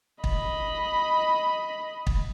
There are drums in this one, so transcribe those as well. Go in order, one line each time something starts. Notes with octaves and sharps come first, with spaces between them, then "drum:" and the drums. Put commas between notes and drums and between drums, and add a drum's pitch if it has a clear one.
D#5 B5, drum: kick
drum: kick